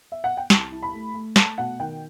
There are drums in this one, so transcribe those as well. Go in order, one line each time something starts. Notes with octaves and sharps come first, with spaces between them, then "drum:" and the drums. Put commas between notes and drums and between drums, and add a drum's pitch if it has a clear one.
E5
F#5
G5
C2 A5, drum: snare
E4
B5
A3
A3
A3 A5, drum: snare
B2 F#5
D#3 G5